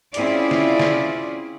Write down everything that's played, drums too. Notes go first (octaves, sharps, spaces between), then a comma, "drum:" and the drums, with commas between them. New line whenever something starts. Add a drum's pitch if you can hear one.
C4 C#4 E4 F4 G#4 D5, drum: hi-hat
drum: snare
drum: snare